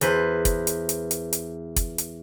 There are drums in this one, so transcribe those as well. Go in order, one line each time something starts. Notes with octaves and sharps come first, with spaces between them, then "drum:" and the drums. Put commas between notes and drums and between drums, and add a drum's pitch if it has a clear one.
E2 B4 C5, drum: hi-hat
drum: kick, hi-hat
drum: hi-hat
drum: hi-hat
drum: hi-hat
drum: hi-hat
drum: kick, hi-hat
drum: hi-hat